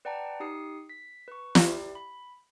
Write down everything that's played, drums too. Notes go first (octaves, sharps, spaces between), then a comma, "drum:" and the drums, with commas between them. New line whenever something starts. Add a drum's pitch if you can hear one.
B4 D5 F#5 G5 A5 A#5
D#4 G4 D#6 C7 C#7
B6
B4 C#6
E4 G4 D5, drum: snare
B5